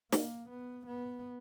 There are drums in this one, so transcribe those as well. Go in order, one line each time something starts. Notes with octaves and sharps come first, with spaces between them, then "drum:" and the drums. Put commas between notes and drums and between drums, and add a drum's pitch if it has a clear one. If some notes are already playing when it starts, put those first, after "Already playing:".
A#3, drum: snare
B3
B3